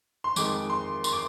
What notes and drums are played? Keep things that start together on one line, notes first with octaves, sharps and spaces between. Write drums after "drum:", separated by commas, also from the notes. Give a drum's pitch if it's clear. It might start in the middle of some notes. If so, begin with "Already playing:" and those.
C6
F2 D#3 G#3 D6, drum: tambourine
C6
C6, drum: tambourine
D6